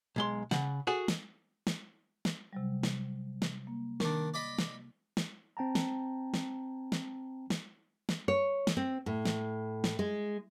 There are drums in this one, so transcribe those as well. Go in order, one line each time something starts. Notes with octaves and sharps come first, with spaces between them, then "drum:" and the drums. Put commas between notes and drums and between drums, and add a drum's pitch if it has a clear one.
B1 G#3 C6
C#3 F#5, drum: snare
F#4 G#4 A4
drum: snare
drum: snare
drum: snare
C3 F#3 G3
drum: snare
drum: snare
A#3
D#3 D4, drum: snare
D5 D#5 B5
drum: snare
drum: snare
C4 G5 A5 A#5
drum: snare
drum: snare
drum: snare
drum: snare
drum: snare
C#5
drum: snare
C4
A2
drum: snare
drum: snare
G#3